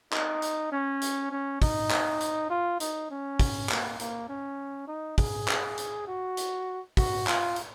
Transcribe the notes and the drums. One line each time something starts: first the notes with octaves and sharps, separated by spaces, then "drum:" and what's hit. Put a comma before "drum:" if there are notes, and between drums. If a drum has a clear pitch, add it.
D#4, drum: clap
drum: hi-hat
C#4
drum: hi-hat
C#4
D#4, drum: kick, open hi-hat
drum: clap
drum: hi-hat
F4
D#4, drum: hi-hat
C#4
drum: kick, open hi-hat
A#3, drum: clap
A#3, drum: hi-hat
C#4
D#4
G#4, drum: kick, open hi-hat
drum: clap
drum: hi-hat
F#4
drum: hi-hat
F#4, drum: kick, open hi-hat
F4, drum: clap
drum: hi-hat